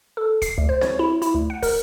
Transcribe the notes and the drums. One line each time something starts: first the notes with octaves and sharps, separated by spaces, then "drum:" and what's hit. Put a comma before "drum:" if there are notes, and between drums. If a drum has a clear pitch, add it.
A4
C7, drum: kick, hi-hat
D2
C5
C#5, drum: snare C4
E4
E4, drum: hi-hat
D2
F#5
A#4, drum: kick, open hi-hat